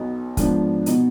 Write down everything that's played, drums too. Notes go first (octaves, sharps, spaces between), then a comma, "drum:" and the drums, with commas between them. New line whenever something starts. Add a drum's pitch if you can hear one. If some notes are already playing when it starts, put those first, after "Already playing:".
Already playing: B1 B2 B3 D#4
G#2 F3 B3 D4, drum: kick, hi-hat
B2 B3 D#4, drum: hi-hat